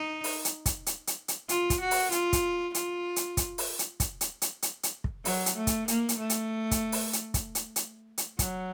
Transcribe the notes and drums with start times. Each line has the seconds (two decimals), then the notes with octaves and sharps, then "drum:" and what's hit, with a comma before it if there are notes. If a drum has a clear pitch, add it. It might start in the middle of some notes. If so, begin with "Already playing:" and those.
Already playing: D#4
0.24 drum: open hi-hat
0.45 drum: hi-hat
0.66 drum: kick, hi-hat
0.86 drum: hi-hat
1.07 drum: hi-hat
1.28 drum: hi-hat
1.49 F4, drum: hi-hat
1.70 drum: kick, hi-hat
1.81 F#4
1.91 drum: open hi-hat
2.12 F4, drum: hi-hat
2.33 drum: kick, hi-hat
2.74 F4, drum: hi-hat
3.16 drum: hi-hat
3.37 drum: kick, hi-hat
3.58 drum: open hi-hat
3.79 drum: hi-hat
4.00 drum: kick, hi-hat
4.21 drum: hi-hat
4.42 drum: hi-hat
4.62 drum: hi-hat
4.83 drum: hi-hat
5.04 drum: kick
5.25 F#3, drum: open hi-hat
5.46 drum: hi-hat
5.56 A3
5.67 drum: kick, hi-hat
5.88 A#3, drum: hi-hat
6.09 drum: hi-hat
6.19 A3
6.30 drum: hi-hat
6.71 drum: kick, hi-hat
6.92 drum: open hi-hat
7.13 drum: hi-hat
7.34 drum: kick, hi-hat
7.55 drum: hi-hat
7.76 drum: hi-hat
8.18 drum: hi-hat
8.39 F#3, drum: kick, hi-hat